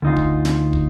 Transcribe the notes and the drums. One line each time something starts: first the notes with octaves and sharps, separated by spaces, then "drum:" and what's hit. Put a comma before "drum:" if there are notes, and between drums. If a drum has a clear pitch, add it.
D2 D#4 F4
drum: kick
drum: snare
drum: kick